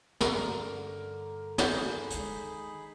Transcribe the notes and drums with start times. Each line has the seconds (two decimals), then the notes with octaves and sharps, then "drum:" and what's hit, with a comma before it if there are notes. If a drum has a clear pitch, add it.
0.21 G2 D3 C#4 A#4, drum: snare
1.58 D#4 G#4 B5 G6, drum: snare
2.10 D#3 G#3, drum: hi-hat